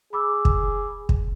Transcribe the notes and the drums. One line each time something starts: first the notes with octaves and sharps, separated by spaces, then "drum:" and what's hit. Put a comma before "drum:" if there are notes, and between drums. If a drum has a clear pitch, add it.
G#4 B5 D6 E6
drum: kick
drum: kick